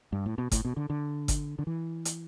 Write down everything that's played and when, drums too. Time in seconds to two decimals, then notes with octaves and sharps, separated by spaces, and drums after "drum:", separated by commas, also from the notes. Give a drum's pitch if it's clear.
0.12 G2
0.26 A2
0.38 B2
0.52 A2, drum: kick G1, hi-hat
0.65 B2
0.77 D3
0.90 D3
1.28 drum: kick G1, hi-hat
1.59 D3
1.67 E3
2.05 drum: hi-hat